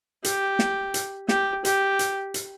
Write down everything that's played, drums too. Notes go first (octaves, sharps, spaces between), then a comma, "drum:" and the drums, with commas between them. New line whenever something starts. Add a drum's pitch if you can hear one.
G4, drum: hi-hat
drum: snare
drum: hi-hat
G4, drum: snare
G4, drum: hi-hat
drum: hi-hat
drum: hi-hat